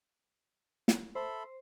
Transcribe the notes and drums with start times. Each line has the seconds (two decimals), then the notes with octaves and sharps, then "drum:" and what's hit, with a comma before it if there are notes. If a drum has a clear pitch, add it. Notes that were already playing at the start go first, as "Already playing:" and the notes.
0.88 drum: snare
1.15 A4 C5 E5 B5